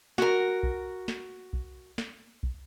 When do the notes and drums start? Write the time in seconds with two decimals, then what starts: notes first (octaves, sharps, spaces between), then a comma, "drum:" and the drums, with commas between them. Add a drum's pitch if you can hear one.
0.18 F#4 A#4, drum: snare
0.63 drum: kick
1.08 drum: snare
1.53 drum: kick
1.98 drum: snare
2.43 drum: kick